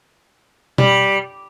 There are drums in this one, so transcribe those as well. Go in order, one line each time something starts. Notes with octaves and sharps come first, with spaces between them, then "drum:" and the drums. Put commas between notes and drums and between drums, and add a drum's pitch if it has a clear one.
G3, drum: tom B2